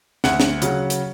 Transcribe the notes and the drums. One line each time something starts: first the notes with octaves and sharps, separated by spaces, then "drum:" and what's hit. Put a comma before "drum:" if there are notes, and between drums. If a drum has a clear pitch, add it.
D2 F#5, drum: snare
drum: snare
C#3 F#3, drum: hi-hat
drum: hi-hat